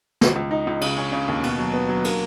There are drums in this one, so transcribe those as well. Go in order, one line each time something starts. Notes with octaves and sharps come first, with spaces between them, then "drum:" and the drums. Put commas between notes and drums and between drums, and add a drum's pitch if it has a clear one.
C#2, drum: snare
C#2
D#4
C#2
C#3, drum: cymbal
C#4
C#3
D#2
B2, drum: cymbal
F#3
B3
F#3
A#3, drum: cymbal